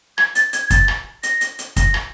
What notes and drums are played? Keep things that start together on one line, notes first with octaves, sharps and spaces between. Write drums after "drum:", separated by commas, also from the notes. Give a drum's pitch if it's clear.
G#6, drum: rim click
A6, drum: hi-hat
G#6, drum: hi-hat
G#6
A6, drum: kick, hi-hat
drum: rim click
A#6, drum: hi-hat
drum: hi-hat
drum: hi-hat
A#6, drum: kick, hi-hat
drum: rim click